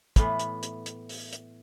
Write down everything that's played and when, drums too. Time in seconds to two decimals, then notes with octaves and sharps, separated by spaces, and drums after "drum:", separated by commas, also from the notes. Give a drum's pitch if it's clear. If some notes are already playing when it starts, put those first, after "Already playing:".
0.16 A2 E3 B3, drum: kick, hi-hat
0.39 drum: hi-hat
0.63 drum: hi-hat
0.86 drum: hi-hat
1.09 drum: open hi-hat
1.33 drum: hi-hat